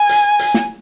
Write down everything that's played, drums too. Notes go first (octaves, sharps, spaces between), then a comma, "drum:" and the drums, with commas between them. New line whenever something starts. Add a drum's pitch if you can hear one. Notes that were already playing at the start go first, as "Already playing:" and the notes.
Already playing: G#5
drum: hi-hat
drum: hi-hat
drum: snare